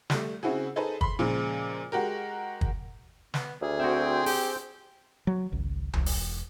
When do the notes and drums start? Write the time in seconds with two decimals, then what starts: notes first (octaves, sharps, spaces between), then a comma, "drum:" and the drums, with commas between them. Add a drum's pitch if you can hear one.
0.10 G3 A3, drum: snare
0.43 C#3 C4 E4 F#4 G#4
0.76 D#4 G#4 A4 B4 C5
1.01 B5 C6, drum: kick
1.19 A#2 C#3 F3 G#3 A#3
1.92 G#3 F#4 G4 A#4
2.61 drum: kick
3.34 B3, drum: snare
3.61 D2 G#4
3.80 C4 F#4 E5 G5
4.26 G4 G#4, drum: open hi-hat
5.27 F#3
5.52 G#1 C#2
5.93 E1, drum: tom C2
6.06 drum: open hi-hat